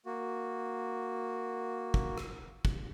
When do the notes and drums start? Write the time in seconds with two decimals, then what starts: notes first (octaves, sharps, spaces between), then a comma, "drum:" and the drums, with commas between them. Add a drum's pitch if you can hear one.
0.06 A#3 F#4
1.94 drum: kick
2.18 drum: rim click
2.65 drum: kick